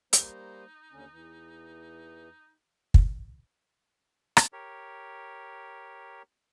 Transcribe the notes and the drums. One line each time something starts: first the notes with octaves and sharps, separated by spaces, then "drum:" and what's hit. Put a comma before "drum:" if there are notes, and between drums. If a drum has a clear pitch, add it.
G3 A#3 D#4 C5, drum: hi-hat
D#2 D3 C#4
E2 E3
drum: kick
drum: rim click
G4 A#4 C#5